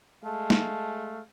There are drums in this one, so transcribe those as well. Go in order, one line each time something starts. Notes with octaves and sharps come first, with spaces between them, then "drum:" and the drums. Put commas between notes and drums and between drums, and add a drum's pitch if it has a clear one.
G#3 A3 F5 A5
drum: snare